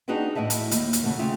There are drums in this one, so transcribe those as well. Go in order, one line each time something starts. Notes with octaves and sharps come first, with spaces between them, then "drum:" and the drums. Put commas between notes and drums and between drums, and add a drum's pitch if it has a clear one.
D4 D#4 F#4 G#4 B4 G5
E2 A2 E4 D#5 E5 A5
drum: hi-hat
D#2, drum: hi-hat
drum: hi-hat
C#3 A3 F#4 A#4
C#3 F4 E5 G5